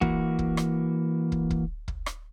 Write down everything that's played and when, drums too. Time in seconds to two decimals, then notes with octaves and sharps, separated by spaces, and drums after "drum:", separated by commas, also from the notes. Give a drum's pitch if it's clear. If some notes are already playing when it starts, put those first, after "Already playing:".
0.01 E3 A#3 F#4, drum: kick
0.39 drum: kick
0.57 drum: rim click
1.32 drum: kick
1.50 drum: kick
1.88 drum: kick
2.06 drum: rim click